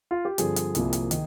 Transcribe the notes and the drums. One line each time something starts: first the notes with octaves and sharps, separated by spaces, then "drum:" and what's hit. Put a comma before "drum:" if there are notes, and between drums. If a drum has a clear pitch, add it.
F4
G4
G2 D3 F3 C4 G#4, drum: hi-hat
drum: hi-hat
C2 C3 F3 A#3, drum: hi-hat
drum: hi-hat
D#3, drum: hi-hat